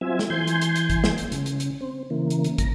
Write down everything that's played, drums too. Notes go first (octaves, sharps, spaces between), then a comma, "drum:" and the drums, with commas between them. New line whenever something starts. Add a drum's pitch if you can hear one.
F#3 C4 F4 E5 G#5
drum: snare
E3 G#5 C6 G6
drum: hi-hat
drum: hi-hat
drum: hi-hat
drum: kick, hi-hat
drum: snare
drum: hi-hat
C#3, drum: hi-hat
drum: hi-hat
drum: hi-hat
C4
C#3 E3 A#3
drum: hi-hat
drum: hi-hat
A#5, drum: kick, hi-hat